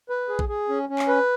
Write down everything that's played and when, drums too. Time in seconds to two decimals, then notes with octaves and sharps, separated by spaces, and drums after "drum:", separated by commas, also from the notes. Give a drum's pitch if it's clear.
0.10 B4
0.29 G#4
0.39 drum: kick A#1
0.49 G#4
0.69 C#4
0.89 C#4
0.99 drum: clap
1.08 B4